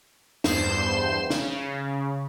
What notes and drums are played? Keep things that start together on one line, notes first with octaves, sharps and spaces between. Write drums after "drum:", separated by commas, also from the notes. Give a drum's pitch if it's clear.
E2 G2 C5 G6 C7 E7, drum: snare
C#3, drum: snare